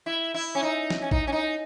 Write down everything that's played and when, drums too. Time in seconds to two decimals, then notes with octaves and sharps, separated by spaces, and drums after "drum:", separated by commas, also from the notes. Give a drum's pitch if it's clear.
0.06 E4
0.34 E4
0.55 C#4
0.63 D#4
0.90 drum: snare
1.02 C#4
1.11 D#4, drum: kick
1.27 C#4
1.32 D#4